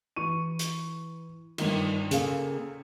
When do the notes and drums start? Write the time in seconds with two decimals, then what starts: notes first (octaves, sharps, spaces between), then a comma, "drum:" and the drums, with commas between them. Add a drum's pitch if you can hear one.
0.16 E3 C#6 D#7
0.59 drum: hi-hat
1.58 G2 D#3, drum: cymbal
2.11 C#3 A#3 G#4 A4 F5, drum: hi-hat